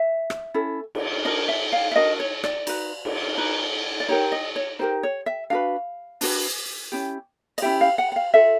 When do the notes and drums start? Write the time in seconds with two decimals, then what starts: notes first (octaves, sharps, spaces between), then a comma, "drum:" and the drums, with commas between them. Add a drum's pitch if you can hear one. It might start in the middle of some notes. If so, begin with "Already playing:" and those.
Already playing: E5
0.30 drum: rim click
0.54 C#4 E4 A4
0.95 drum: cymbal
1.25 D4 F#4 A#4 D#5
1.48 E5
1.72 F5
1.91 E5
1.96 D4 F#4 A#4 D#5
2.20 C#5
2.44 D5, drum: rim click
2.67 D#4 F#4 B4, drum: cymbal
3.05 drum: cymbal
3.37 D#4 F#4 B4
4.00 D5
4.08 D#4 G4 A#4 C#5
4.32 D#5
4.56 C#5
4.79 D#4 G4 A#4 C5
5.03 C#5
5.26 E5
5.50 D4 F#4 B4 F5
6.21 D4 F#4 B4, drum: open hi-hat
6.92 C#4 E4 G4
7.58 D#5, drum: cymbal
7.62 C#4 E4 G4 E5
7.81 F5
7.98 F#5
8.12 F#5
8.16 F5
8.34 F4 A4 E5